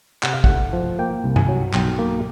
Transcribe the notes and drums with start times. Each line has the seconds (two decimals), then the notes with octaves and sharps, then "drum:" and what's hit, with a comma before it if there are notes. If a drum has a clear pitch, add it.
0.23 C3 F#5, drum: clap
0.34 F5
0.44 A3 F#5, drum: kick
0.73 F3
0.99 A#3 G5
1.24 C2
1.36 G#5, drum: tom G2
1.48 F#3
1.73 B1 G5, drum: clap
1.99 A#3